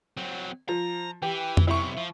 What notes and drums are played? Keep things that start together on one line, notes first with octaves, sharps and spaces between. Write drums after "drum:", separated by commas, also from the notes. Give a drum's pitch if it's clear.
F#3 C4
F3 A#5
E3 G4
drum: tom F2
B1 C3 E4 C#6
F3